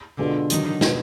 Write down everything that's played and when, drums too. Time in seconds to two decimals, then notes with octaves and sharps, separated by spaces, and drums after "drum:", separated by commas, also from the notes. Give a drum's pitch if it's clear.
0.18 B2 D3 G#3 B3 F4
0.50 D3 D#3 F#3 D4, drum: hi-hat
0.81 B2 G#3 B3, drum: snare